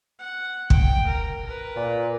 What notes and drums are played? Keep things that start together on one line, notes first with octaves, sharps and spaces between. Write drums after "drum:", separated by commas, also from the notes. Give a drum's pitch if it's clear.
F#5
G5, drum: kick
A#4
A#4 B4
A#2